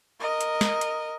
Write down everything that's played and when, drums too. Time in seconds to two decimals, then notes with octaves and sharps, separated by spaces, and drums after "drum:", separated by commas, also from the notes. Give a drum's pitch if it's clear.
0.20 A#4 D#5
0.41 drum: hi-hat
0.61 drum: snare
0.81 drum: hi-hat